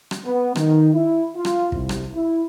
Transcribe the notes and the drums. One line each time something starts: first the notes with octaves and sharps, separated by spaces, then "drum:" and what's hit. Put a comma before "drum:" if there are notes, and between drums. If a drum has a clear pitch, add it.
drum: rim click
B3
D#3, drum: rim click
E4
F4
drum: rim click
C2, drum: kick
drum: rim click
E4